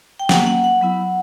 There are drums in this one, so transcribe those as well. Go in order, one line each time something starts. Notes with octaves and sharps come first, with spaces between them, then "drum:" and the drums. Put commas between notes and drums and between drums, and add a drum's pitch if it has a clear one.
G5
F#3 A#3 C#4 F#5, drum: snare
F#5
F#5
F#3 B3 E4